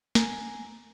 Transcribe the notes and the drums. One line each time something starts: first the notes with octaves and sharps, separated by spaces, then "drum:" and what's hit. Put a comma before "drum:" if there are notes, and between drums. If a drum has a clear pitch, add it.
G#5 A#5, drum: snare